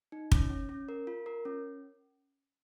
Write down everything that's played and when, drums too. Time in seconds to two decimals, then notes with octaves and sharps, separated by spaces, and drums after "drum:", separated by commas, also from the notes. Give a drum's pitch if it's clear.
0.12 D#4
0.32 C#4, drum: kick
0.50 C#4
0.69 C#4
0.89 A#4
1.07 F4
1.26 A#4
1.45 C#4